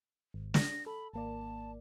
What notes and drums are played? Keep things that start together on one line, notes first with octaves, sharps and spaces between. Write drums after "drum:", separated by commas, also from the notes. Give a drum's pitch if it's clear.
G#1
D4 A#6, drum: snare
A4 B5
G#1 A#3 D5 A5